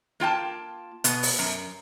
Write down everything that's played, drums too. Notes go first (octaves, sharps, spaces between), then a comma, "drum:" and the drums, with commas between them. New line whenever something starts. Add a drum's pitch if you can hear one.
A#3 F4 G5 A5
B2 B3, drum: hi-hat
drum: open hi-hat
F#2